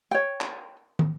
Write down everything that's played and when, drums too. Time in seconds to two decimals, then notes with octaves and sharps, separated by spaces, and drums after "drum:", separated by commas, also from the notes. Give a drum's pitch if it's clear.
0.11 C#5 G5
0.41 drum: clap
0.99 drum: tom